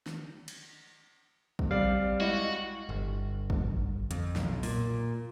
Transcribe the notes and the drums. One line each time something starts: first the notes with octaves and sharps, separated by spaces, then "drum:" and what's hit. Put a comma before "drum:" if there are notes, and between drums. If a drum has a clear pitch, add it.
drum: snare
drum: cymbal
drum: kick
G3 C4 D5 F5
G#3 E4 F#4 D#5
G1
drum: kick
F2, drum: hi-hat
B1, drum: snare
A#2, drum: open hi-hat